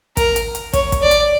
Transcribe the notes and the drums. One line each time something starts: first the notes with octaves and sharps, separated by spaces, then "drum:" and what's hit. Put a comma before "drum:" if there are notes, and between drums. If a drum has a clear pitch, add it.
A#4, drum: kick, hi-hat
drum: hi-hat
drum: hi-hat
C#5, drum: kick, hi-hat
drum: kick, hi-hat
D5
drum: hi-hat